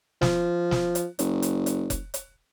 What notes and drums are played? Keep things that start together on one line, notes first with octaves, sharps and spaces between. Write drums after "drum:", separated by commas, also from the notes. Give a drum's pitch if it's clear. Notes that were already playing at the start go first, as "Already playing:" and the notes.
F3, drum: snare
drum: snare
drum: hi-hat
F#1, drum: hi-hat
drum: hi-hat
drum: hi-hat
drum: kick F1, hi-hat
drum: hi-hat